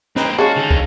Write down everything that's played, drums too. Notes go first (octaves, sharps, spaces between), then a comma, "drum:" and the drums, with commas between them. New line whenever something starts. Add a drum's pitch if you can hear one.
A#3 C4 D#4 B4, drum: snare
G#3 C#4 F#4 F5 A5
D3 D#4
drum: kick